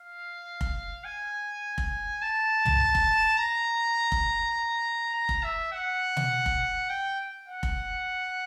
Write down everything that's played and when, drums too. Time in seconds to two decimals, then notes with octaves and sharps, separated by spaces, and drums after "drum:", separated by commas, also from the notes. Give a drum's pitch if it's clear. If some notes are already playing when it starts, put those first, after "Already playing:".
Already playing: F5
0.61 drum: kick F1
1.05 G#5
1.78 drum: kick F1
2.22 A5
2.65 drum: tom
2.95 drum: kick F1
3.38 A#5
4.12 drum: kick F1
5.14 A#5
5.29 drum: kick F1
5.44 E5
5.72 F#5
6.17 drum: tom B2
6.46 drum: kick F1
6.89 G5
7.48 F#5
7.63 drum: kick F1